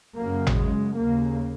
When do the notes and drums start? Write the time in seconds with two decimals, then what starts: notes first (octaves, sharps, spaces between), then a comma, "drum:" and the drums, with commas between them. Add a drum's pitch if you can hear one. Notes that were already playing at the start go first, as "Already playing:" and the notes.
0.17 F#2 C#3 A#3
0.47 drum: tom G#1
0.56 G#3
0.96 D#2 C#3 A#3